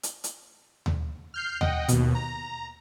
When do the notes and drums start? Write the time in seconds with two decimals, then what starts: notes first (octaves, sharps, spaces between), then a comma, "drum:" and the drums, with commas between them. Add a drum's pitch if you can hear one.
0.03 drum: hi-hat
0.24 drum: hi-hat
0.86 drum: tom D#2
1.34 F6 G6 C7
1.61 D#5 F#5 G5, drum: tom D#2
1.88 D#2 B2, drum: hi-hat
2.15 A#5